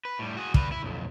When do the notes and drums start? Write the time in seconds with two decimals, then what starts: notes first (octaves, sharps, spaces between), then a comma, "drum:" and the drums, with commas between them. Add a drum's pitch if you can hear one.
0.05 B4
0.19 A2 G3
0.37 F#4 G#4
0.54 G3 B4, drum: kick
0.72 E4
0.83 B1 F2